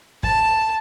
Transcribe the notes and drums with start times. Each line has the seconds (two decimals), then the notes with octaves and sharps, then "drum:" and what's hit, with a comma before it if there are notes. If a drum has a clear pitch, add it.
0.23 A5, drum: kick